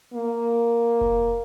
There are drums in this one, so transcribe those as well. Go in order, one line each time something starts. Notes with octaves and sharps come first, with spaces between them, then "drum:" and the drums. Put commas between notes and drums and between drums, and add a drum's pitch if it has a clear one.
A#3
drum: kick F1